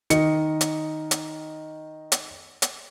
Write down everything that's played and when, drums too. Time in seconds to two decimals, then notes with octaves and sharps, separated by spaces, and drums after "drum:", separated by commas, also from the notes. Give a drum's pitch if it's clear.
0.10 D#3 D#5 C#7, drum: hi-hat
0.61 drum: hi-hat
1.11 drum: hi-hat
2.12 drum: hi-hat
2.62 drum: hi-hat